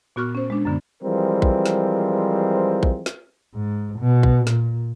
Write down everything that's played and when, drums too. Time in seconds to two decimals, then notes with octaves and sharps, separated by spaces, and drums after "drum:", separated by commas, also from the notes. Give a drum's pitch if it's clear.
0.16 A#2 B3 F#4 C#6 F6
0.35 C#4 C5
0.50 G#3 D4
0.65 F#2 D3 B3
1.03 E3 F3 G3 G#3 C4 A#4
1.42 drum: kick A#1
1.66 drum: snare
2.83 drum: kick A#1
3.06 drum: snare
3.55 G#2
3.99 B2
4.23 drum: kick A#1
4.47 A#2, drum: snare